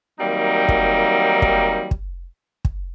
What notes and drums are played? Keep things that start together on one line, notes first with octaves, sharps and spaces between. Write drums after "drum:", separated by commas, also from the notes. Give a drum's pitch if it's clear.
D#3 F#3 G3 A#3 C4 D#4
drum: kick
drum: kick
drum: kick
drum: kick